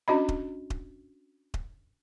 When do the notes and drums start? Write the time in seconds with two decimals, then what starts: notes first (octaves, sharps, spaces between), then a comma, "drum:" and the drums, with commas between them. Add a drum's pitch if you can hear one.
0.08 C#4 D4 F#4 D#5 B5
0.29 drum: kick D#1
0.70 drum: kick D#1
1.54 drum: kick D#1